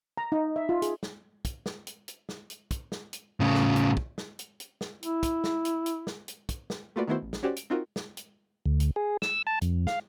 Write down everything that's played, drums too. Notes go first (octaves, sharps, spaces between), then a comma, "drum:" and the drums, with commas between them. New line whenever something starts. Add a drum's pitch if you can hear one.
A#5
D#4
E5
F4
G#4, drum: hi-hat
drum: snare
drum: kick, hi-hat
drum: snare
drum: hi-hat
drum: hi-hat
drum: snare
drum: hi-hat
drum: kick, hi-hat
drum: snare
drum: hi-hat
A2 C#3
drum: snare
drum: hi-hat
drum: kick
drum: snare
drum: hi-hat
drum: hi-hat
drum: snare
E4, drum: hi-hat
drum: kick, hi-hat
drum: snare
drum: hi-hat
drum: hi-hat
drum: snare
drum: hi-hat
drum: kick, hi-hat
drum: snare
A3 A#3 F4 F#4 B4 D5
D#3 A3 B3 E4 F#4 C5
A1
drum: snare
C#4 F#4 G4 C5 D5
D7, drum: hi-hat
C4 D#4 F4 F#4 A#4
drum: snare
drum: hi-hat
D2
drum: hi-hat
G#4
E6, drum: snare
A5
F2, drum: hi-hat
F5, drum: snare